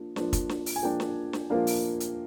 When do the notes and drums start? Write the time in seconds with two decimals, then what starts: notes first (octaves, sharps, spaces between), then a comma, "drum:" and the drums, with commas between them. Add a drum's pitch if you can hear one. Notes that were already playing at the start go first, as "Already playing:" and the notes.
Already playing: F3 A#3 D4
0.16 F3 A#3 D4, drum: snare
0.33 drum: kick, hi-hat
0.49 drum: snare
0.66 drum: open hi-hat
0.76 G#5
0.83 F3 A#3 D4 G5
1.00 drum: snare
1.33 drum: snare
1.50 F3 A#3 D4 F5
1.67 drum: open hi-hat
2.00 drum: hi-hat